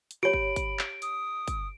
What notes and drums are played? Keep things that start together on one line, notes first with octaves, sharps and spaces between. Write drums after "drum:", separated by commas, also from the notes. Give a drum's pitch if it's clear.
drum: hi-hat
G4 C#5 B5 D7
drum: kick
drum: kick, hi-hat
drum: clap
D#6, drum: hi-hat
drum: kick, hi-hat